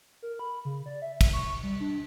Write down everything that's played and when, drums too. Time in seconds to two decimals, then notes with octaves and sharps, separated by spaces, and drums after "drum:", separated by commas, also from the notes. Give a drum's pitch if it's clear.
0.22 A#4
0.39 B5
0.65 C#3
0.86 D5
1.02 E5
1.21 drum: kick, cymbal
1.33 C#6
1.63 G3
1.80 D4